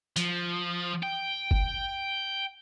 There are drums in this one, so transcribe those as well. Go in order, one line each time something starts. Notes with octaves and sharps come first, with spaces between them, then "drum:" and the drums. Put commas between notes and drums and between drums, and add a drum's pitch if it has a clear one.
F3, drum: hi-hat
G5
drum: kick G1